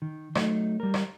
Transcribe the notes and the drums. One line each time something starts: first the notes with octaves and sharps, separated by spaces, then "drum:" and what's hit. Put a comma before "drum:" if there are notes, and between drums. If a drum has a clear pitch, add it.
D#3
F#3 A3 D#4, drum: rim click
G3 A#4
drum: rim click